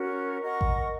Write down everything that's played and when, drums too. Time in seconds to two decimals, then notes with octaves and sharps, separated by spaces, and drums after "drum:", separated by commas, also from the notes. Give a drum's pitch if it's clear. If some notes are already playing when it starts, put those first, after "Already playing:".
Already playing: C#4 F#4 A#4
0.41 A#4 D#5 F#5 C#6
0.61 drum: kick A1